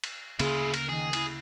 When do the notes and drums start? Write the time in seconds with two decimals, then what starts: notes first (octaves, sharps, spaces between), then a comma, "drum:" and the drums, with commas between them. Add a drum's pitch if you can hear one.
0.04 drum: cymbal
0.40 D2 C#3 A#3 E4 F4 G#4, drum: cymbal
0.74 A#4, drum: cymbal
0.89 D#3 G#4
1.13 E4, drum: cymbal